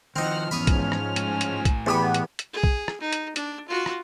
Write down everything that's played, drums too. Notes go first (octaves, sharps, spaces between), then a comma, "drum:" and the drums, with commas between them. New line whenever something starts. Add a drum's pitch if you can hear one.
D#3 F3 C4 D#4 F#5 F6
G#2 E3 F3 B3 C#4 B5 C#6 D#6
drum: kick B1, hi-hat
drum: rim click
A2 G#5, drum: hi-hat
drum: hi-hat
drum: kick B1, hi-hat
E2 B3 G4 B5
drum: hi-hat
drum: hi-hat
G#4
drum: kick B1
drum: rim click
D#4
drum: hi-hat
D4, drum: hi-hat
F4 F#4
drum: rim click